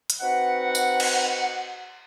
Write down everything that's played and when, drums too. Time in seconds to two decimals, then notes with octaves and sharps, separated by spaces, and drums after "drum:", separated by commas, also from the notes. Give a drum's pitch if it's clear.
0.10 drum: hi-hat
0.21 C4 D#4 F#4 B4 F#5
0.75 drum: tambourine
1.00 drum: cymbal